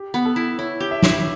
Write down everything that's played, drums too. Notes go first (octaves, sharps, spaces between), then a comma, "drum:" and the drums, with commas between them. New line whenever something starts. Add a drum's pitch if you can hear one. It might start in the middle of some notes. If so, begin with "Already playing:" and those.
Already playing: G4
B3
A4
E4
E4 C#5
G4
E5
E4, drum: snare